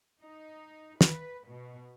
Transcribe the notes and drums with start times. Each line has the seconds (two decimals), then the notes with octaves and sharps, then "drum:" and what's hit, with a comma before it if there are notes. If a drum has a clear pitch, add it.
0.22 D#4
1.01 B4, drum: snare
1.48 B2